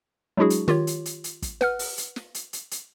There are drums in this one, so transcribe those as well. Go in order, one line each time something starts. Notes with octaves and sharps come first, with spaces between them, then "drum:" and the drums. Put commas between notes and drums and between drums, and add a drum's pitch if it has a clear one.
F#3 G#3 D4 E4 F#4 G#4
drum: hi-hat
D#3 F4 G4 C#5, drum: snare
drum: hi-hat
drum: hi-hat
drum: hi-hat
drum: kick, hi-hat
B4 F#5 F6, drum: snare
drum: open hi-hat
drum: hi-hat
drum: snare
drum: hi-hat
drum: hi-hat
drum: hi-hat